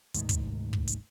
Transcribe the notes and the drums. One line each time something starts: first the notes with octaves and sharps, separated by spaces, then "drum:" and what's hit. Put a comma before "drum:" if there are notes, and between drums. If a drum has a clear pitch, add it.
D2 G#2 C3 D#3, drum: hi-hat
drum: kick, hi-hat
drum: kick
drum: hi-hat